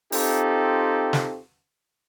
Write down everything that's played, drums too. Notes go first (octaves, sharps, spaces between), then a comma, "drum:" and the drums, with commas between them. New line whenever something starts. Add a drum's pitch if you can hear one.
C4 D#4 F4 G4 A4, drum: open hi-hat
drum: snare